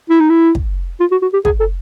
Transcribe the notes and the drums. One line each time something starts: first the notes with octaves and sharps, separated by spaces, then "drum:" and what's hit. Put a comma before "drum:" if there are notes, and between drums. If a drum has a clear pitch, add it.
E4
D#4
E4
drum: kick
F4
F#4
F#4
G4
G#4, drum: kick
A4